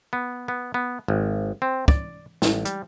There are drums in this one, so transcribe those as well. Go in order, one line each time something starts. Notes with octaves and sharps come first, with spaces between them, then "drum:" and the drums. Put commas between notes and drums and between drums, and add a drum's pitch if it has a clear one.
B3
B3
B3
G#1
C4
D5, drum: kick
A1, drum: snare
G3, drum: hi-hat